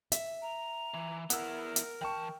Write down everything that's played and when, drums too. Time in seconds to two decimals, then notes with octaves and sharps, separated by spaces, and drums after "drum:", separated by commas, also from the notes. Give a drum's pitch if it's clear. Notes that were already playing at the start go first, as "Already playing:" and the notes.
0.12 E5, drum: hi-hat
0.42 A#5
0.94 E3
1.30 B3 E4 A#4 F#5 E6, drum: hi-hat
1.76 drum: hi-hat
2.01 E3 G5 A5 C#6